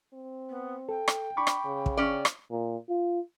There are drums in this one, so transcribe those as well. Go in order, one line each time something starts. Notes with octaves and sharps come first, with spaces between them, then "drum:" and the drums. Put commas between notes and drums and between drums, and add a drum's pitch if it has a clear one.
C4
B3
A4 G5
drum: rim click
D4 B5 C#6 D6
drum: rim click
C#3
drum: kick
C#4 D5
drum: rim click
A#2
F4